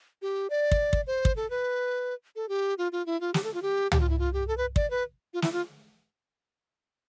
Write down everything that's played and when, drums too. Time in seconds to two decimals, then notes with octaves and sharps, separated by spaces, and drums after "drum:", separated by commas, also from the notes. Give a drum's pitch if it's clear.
0.22 G4
0.50 D5
0.71 drum: kick
0.93 drum: kick
1.07 C5
1.25 drum: kick
1.36 A4
1.50 B4
2.36 A4
2.49 G4
2.78 F4
2.92 F4
3.06 E4
3.21 F4
3.34 G4, drum: snare
3.44 A4
3.54 F4
3.62 G4
3.92 G4, drum: tom C#2
4.00 F4
4.09 E4
4.19 F4
4.33 G4
4.48 A4
4.58 B4
4.76 D5, drum: kick
4.90 B4
5.34 F4
5.42 E4, drum: snare
5.53 F4